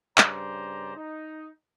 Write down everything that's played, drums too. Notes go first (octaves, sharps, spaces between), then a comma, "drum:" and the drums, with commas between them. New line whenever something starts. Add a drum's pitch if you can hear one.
G2 C#3 C5 D5 A#5, drum: clap
D#4